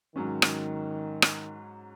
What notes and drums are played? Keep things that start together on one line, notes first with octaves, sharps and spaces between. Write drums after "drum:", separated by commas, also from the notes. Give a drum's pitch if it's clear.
G#2 D#3 F#3 C#4
drum: rim click
drum: rim click